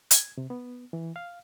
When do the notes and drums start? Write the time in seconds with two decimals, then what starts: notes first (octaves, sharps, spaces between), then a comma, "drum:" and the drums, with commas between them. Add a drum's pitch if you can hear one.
0.11 G#6, drum: hi-hat
0.38 C3
0.50 B3
0.93 E3
1.16 F5